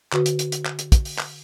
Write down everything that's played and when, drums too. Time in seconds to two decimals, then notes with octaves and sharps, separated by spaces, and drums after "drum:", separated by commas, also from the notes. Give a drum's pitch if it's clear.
0.13 D3 F#4 B4, drum: clap
0.26 drum: hi-hat
0.39 drum: hi-hat
0.52 drum: hi-hat
0.66 drum: clap
0.79 drum: hi-hat
0.92 drum: kick, hi-hat
1.05 drum: open hi-hat
1.18 drum: clap